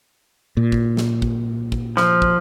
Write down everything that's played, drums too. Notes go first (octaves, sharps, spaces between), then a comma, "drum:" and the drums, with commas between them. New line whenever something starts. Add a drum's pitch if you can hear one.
A#2
drum: kick
drum: snare
drum: kick
drum: kick
F3, drum: snare
drum: kick